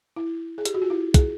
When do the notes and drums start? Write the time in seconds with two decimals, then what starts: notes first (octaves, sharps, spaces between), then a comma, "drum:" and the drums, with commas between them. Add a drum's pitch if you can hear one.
0.16 E4
0.58 G#4
0.65 G4, drum: hi-hat
0.74 F#4
0.82 F4
0.90 E4
1.14 G#4, drum: kick, hi-hat